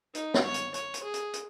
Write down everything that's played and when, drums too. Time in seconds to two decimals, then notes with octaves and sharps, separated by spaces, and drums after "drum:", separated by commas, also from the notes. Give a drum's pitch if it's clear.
0.15 D#4, drum: hi-hat
0.34 drum: snare
0.44 C#5
0.54 drum: hi-hat
0.74 C#5, drum: hi-hat
0.94 drum: hi-hat
1.03 G#4
1.14 drum: hi-hat
1.33 drum: hi-hat